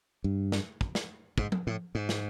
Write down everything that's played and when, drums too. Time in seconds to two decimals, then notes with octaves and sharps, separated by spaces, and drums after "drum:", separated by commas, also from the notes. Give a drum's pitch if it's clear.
0.24 G2
0.52 drum: snare
0.81 drum: kick
0.95 drum: snare
1.38 G#2, drum: kick
1.52 drum: tom F3
1.67 A2
1.95 G#2
2.09 drum: snare